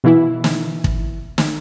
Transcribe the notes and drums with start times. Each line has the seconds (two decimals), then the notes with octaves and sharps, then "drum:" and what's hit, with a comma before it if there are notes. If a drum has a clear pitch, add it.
0.04 B2 E3 E4
0.44 drum: snare
0.84 drum: kick
1.38 drum: snare